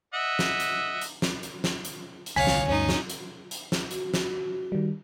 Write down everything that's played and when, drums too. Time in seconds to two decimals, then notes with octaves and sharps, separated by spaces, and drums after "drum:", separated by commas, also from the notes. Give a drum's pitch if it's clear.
0.14 D#5 E5 F#5
0.39 drum: snare
0.60 drum: hi-hat
1.01 drum: hi-hat
1.22 drum: snare
1.43 drum: hi-hat
1.64 drum: snare
1.85 drum: hi-hat
2.26 drum: hi-hat
2.36 D#1 C2 D3 C#5 F5 G#5 B6
2.47 drum: snare
2.68 D2 G2 G3 C#4 D#4
2.89 drum: snare
3.10 drum: hi-hat
3.51 drum: hi-hat
3.72 drum: snare
3.91 F#4, drum: hi-hat
4.14 drum: snare
4.72 D#3 G3